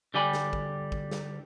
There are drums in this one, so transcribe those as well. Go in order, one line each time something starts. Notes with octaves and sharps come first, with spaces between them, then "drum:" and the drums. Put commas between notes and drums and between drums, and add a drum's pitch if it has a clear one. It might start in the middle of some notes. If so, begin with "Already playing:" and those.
D3 G3 G4 G5 G#5 B5
drum: snare
drum: kick
drum: kick
drum: snare